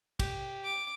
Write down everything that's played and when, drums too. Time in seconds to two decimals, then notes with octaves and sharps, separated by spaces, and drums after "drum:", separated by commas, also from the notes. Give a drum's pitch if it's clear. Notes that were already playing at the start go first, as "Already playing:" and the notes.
0.19 G4, drum: kick, cymbal
0.65 D6